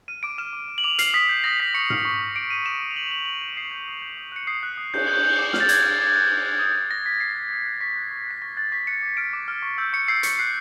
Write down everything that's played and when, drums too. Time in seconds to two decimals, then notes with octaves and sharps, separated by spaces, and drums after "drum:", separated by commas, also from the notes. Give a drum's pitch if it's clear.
0.08 F6 D#7
0.23 D6 D7
0.38 F6 E7
0.53 D6
0.68 F6
0.78 F#7
0.84 D6 F7
0.99 F6 C7, drum: hi-hat
1.14 D#6 B6
1.29 G6
1.44 D#6 A#6
1.60 G6 B6
1.74 C#6 C#7
1.90 F6, drum: tom G#2
2.05 C#6
2.20 F6
2.36 D6 D7
2.50 F6 D#7
2.66 D6 E7
2.80 F6
2.91 F7
2.96 D#6 F#7
3.07 F7
3.11 G6 F#7
3.26 D#6 F#7
3.42 G6
3.56 D#6 C7
3.71 G6
3.88 D#6
4.02 G6
4.17 D#6
4.32 F#6 C#7
4.47 D#6 C7
4.63 F#6
4.77 D#6
4.94 G6, drum: cymbal
5.08 D#6 G6
5.23 G6
5.39 D6
5.53 F6, drum: snare
5.60 A6
5.69 D6 G#6, drum: hi-hat
5.84 F6
6.00 D6
6.14 F#6
6.29 D6
6.45 F#6
6.59 D#6
6.76 G6
6.90 D#6 A#6
7.06 G6 B6
7.21 D#6 C7
7.35 F#6
7.51 D#6
7.66 F#6
7.81 C#6 B6
7.96 F#6
8.11 C#6
8.26 F#6 B6
8.42 C#6 A#6
8.56 F#6 A6
8.72 C#6 B6
8.87 F#6 C#7
9.02 D6
9.17 F6 D7
9.33 D6
9.48 F6
9.62 C#6
9.78 E6 G6
9.93 C#6 C#7
10.08 E6 G6 C7
10.23 C#6 C#7, drum: hi-hat
10.39 F#6 C7